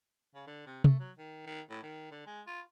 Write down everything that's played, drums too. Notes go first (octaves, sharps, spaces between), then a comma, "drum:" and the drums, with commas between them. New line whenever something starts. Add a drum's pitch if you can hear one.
C#3
D3
C3
A3, drum: tom C3
F#3
D#3
D#3
A2
D#3
D3
G#3
F4